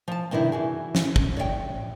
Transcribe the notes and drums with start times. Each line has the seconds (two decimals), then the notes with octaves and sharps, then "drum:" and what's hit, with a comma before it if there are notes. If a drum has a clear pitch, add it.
0.08 F3 A5
0.31 G2 C3 D#3 D4 E4
0.52 E3 F#4 G#4
0.95 drum: snare
1.16 drum: kick
1.37 C#5 D5 E5 G5